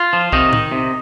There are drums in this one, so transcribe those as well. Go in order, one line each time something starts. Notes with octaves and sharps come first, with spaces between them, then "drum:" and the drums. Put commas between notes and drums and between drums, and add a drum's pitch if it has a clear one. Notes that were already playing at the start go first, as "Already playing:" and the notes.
Already playing: F4
F3
C3 D#3 D#4, drum: kick
D#3, drum: tom A2
C3